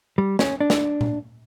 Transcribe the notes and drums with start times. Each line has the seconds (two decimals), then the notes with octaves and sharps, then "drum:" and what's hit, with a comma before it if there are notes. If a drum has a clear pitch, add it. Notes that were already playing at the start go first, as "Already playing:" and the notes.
0.18 G3
0.39 C#4, drum: snare
0.61 D4
0.70 drum: snare
1.01 drum: tom A#2